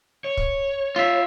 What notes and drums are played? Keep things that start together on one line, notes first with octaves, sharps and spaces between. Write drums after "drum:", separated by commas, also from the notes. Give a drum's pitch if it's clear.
C#5
drum: kick
F4 E5